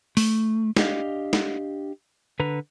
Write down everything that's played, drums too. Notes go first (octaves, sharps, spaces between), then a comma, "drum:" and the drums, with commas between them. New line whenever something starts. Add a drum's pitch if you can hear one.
A3, drum: open hi-hat
D4 G4 D#5 F5, drum: snare
drum: snare
D3 B4 A#5